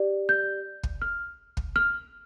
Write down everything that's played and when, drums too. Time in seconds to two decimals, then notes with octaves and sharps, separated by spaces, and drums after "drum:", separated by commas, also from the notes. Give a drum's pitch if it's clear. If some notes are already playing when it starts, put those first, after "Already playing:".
Already playing: G4 D5
0.29 G6
0.83 drum: kick
1.02 F6
1.57 drum: kick
1.76 F6